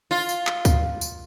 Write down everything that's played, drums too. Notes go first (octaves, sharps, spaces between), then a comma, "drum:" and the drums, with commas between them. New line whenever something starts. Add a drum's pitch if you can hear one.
F4
drum: tambourine
drum: clap
drum: kick C#2, tambourine
drum: tambourine